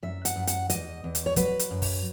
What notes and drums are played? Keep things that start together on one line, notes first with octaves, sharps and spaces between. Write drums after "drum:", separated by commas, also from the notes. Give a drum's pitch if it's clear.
F#2 E5
F#5, drum: hi-hat
F#2
F#5, drum: hi-hat
E2 D#5, drum: hi-hat
E2
drum: hi-hat
C#5
F#3 B4, drum: kick, hi-hat
drum: hi-hat
F#2
drum: kick, open hi-hat